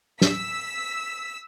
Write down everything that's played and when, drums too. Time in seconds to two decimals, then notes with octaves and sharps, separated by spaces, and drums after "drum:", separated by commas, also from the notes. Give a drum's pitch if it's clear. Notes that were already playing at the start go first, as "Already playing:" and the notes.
0.21 E6 B6, drum: snare